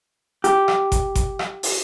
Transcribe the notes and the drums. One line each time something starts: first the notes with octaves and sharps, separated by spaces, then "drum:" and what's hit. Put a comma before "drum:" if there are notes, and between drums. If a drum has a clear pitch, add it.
G4, drum: hi-hat
drum: rim click
drum: kick G1, hi-hat
drum: kick G1, hi-hat
drum: rim click
drum: open hi-hat